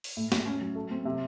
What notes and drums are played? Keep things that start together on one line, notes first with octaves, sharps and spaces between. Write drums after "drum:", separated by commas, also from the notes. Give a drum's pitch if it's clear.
drum: open hi-hat
A2
A2, drum: snare
C#4
F#3
A3
C4
C3